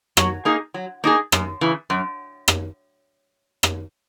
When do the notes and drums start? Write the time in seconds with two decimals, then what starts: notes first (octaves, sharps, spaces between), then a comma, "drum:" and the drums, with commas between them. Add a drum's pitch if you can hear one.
0.17 F#3, drum: rim click
0.45 A#3 D#4 G#4
0.74 F#3
1.04 A#3 D#4 G#4
1.32 F#2, drum: rim click
1.61 C#3 E3
1.90 F#2
2.48 drum: rim click
3.63 drum: rim click